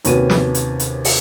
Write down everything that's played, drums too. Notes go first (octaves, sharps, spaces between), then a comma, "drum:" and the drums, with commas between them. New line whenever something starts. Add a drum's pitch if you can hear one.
D#2 C3 C#4 F#4 B4 D#7, drum: hi-hat
drum: snare
drum: hi-hat
drum: hi-hat
drum: open hi-hat